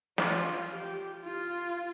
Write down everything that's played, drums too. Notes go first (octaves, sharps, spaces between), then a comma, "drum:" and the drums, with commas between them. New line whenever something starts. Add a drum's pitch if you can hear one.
F4, drum: snare
G4
F4